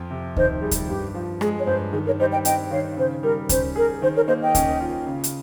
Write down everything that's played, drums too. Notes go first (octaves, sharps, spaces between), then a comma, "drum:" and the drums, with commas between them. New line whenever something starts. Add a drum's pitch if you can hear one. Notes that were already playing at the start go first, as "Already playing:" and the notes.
Already playing: F2 F4
C3
D#3 C5 D#5, drum: kick D2
G3 G#4
drum: kick D2, hi-hat
G2 G4
F3
G#3 G#4, drum: rim click
C#5
G2 C5
D#3 G#4
A#4 C#5
G3 C5 D#5
D#5 G5
C4 D#5 G5, drum: hi-hat
D#3 C#5 F5
C#3 C5
G3 A#4
C#4 C5, drum: kick D2, hi-hat
G#4 A#4
D#3 C5
A#4 C#5
A#3 C5 D#5
D#5 G5
C#4, drum: kick D2, hi-hat
F4
C#3
drum: hi-hat